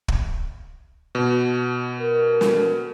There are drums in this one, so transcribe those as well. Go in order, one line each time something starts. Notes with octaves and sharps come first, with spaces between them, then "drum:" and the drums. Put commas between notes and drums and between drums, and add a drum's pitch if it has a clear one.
drum: kick
B2
A#4
drum: snare